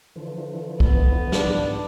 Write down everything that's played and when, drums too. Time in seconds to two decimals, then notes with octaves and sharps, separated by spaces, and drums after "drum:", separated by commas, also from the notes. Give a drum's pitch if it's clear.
0.16 D3 E3 F3
0.80 B3, drum: kick
1.32 G#2 D4, drum: snare